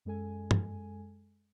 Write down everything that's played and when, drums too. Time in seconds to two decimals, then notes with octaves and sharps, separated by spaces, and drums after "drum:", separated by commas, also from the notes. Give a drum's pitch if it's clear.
0.05 F#2 G#3 A4 G#5
0.51 drum: tom